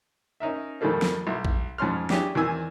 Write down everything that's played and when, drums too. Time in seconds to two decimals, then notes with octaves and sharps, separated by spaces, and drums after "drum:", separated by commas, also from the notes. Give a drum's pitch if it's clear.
0.40 C#4 D#4 A#4 E5
0.81 F2 G#2 D#3 G3 A3 A#3
1.02 drum: snare
1.27 B1 E5
1.45 drum: kick A#1
1.78 F2 G#2 C#4 C6 F6
2.10 D4 E4 G4 G#4 C#5, drum: snare
2.35 E2 D#3 E3 C4 G#5 E6